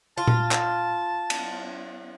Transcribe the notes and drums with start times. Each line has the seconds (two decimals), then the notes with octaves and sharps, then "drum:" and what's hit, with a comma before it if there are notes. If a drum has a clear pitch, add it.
0.18 F4 A5
0.27 drum: tom A#2
0.51 drum: clap
1.30 drum: cymbal